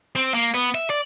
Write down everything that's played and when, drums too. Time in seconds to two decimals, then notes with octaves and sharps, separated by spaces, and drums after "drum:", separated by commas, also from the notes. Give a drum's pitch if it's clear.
0.16 C4
0.35 A#3, drum: tambourine
0.55 B3
0.75 E5
0.90 D5